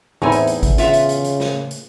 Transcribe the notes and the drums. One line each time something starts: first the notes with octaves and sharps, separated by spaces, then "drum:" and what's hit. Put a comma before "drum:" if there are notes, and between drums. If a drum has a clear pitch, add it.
E2 A2 C4 D#4 E4 A4 C#5 G#5
drum: hi-hat
drum: hi-hat
drum: kick, hi-hat
C#3 F4 E5 F#5, drum: hi-hat
drum: hi-hat
drum: hi-hat
drum: hi-hat
drum: snare
drum: hi-hat